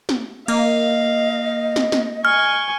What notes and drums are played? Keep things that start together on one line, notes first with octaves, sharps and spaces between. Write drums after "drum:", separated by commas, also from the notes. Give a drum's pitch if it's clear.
drum: snare
A#3 D#5 F5, drum: cymbal
drum: snare
drum: snare
G#5 C#6 F6